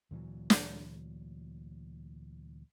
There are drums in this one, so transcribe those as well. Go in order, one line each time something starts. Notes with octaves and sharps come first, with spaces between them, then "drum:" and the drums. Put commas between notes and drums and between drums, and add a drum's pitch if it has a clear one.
D2 A#2 E3 F#3
drum: snare